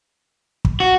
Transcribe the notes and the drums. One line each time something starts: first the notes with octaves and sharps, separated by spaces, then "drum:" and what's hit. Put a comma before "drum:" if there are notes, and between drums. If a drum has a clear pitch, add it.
drum: kick
F#4